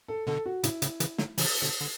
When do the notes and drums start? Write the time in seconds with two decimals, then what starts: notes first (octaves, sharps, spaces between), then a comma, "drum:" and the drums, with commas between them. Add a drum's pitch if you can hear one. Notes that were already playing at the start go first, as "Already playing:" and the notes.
0.08 A4
0.27 B2 D3 A4
0.46 F#4
0.64 A2 C#3 E4, drum: hi-hat
0.82 A2 C#3, drum: hi-hat
1.00 C#3 E3, drum: hi-hat
1.18 D3 F#3, drum: snare
1.38 C#3 E3, drum: open hi-hat
1.62 B2 D3
1.81 D3